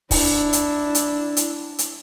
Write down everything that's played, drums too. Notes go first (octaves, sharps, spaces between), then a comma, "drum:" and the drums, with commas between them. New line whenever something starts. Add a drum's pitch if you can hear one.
D4 E4, drum: kick, open hi-hat
drum: hi-hat
drum: hi-hat
drum: hi-hat
drum: hi-hat